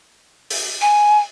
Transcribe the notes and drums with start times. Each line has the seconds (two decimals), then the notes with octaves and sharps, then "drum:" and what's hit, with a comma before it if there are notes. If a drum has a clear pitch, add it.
0.50 drum: open hi-hat
0.81 G#5